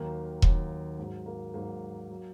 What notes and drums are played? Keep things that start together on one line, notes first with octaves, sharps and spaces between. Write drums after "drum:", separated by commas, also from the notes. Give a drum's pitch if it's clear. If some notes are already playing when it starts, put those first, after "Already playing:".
Already playing: D#2 D#3 F#3 A#3
D#2 D#3 F#3, drum: kick E1
G#2 F#3
A#3
G#2 F#3 A#3
F#3